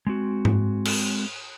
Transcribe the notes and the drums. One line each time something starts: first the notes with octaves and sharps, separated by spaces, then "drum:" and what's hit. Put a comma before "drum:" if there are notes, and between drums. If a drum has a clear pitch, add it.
G#3 C4 F#4
drum: tom
drum: cymbal